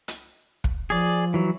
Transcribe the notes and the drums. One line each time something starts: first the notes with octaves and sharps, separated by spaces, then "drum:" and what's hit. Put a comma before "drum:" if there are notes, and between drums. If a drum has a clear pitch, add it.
drum: hi-hat
drum: kick
F3 G#4 D5
E3 F#3